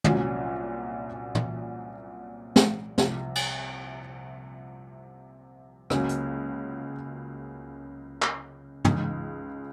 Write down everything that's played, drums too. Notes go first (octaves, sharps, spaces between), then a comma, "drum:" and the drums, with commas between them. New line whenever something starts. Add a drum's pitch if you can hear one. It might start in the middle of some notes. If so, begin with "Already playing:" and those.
C2 A#2 F#3 C#4 F4, drum: tom
drum: tom
drum: snare
C2 C3 F3, drum: snare
drum: cymbal
C#2 C#3 F#3 A#3 C#4, drum: rim click
drum: hi-hat
drum: clap
C#2 C#3 G#3 D#4, drum: tom